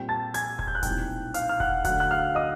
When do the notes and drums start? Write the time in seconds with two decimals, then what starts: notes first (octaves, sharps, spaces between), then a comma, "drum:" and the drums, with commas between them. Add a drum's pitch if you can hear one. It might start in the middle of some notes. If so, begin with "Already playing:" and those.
Already playing: A#2 G3 C4 F4 G5
0.09 A5 A6
0.34 G#5 G#6, drum: hi-hat
0.59 G#6, drum: kick E1
0.67 G6
0.75 F#6
0.83 B1 A#2 G3 C4 E4 G5 G6, drum: kick E1, hi-hat
1.34 F5 F6, drum: hi-hat
1.49 F6
1.60 F#5 F#6, drum: kick E1
1.84 D2 D3 F#3 F#5 F#6, drum: kick E1, hi-hat
2.00 F#6
2.11 F5 F6
2.35 D#5 D#6